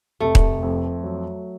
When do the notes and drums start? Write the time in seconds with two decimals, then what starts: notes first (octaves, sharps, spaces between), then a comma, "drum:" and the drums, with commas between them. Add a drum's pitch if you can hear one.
0.20 F1 A3
0.35 drum: kick D#1
0.63 F2
1.04 F#3